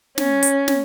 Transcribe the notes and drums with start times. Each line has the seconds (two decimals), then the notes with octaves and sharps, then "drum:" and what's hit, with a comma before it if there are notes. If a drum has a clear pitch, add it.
0.18 C#4, drum: snare
0.43 drum: hi-hat
0.68 drum: snare